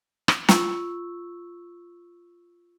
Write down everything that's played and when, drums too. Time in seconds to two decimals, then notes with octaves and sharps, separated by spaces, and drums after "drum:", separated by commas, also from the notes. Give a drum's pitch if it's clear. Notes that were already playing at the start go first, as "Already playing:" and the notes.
0.28 drum: rim click
0.49 F4 C#6 E6, drum: snare